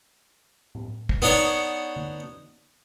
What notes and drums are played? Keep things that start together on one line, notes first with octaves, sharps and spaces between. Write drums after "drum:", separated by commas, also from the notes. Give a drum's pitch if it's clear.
drum: tom A2
drum: kick
B3 D4 D#4 C#5 F#5
drum: tom D3